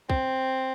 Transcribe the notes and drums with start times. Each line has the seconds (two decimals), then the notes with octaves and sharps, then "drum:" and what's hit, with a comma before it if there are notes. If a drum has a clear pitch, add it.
0.10 C4, drum: kick